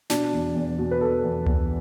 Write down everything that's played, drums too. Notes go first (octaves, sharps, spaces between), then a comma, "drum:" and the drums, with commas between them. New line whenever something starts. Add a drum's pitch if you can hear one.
B2 D4, drum: snare
E2
E2
B2
B4
B2 A4
E2
E2, drum: tom C#2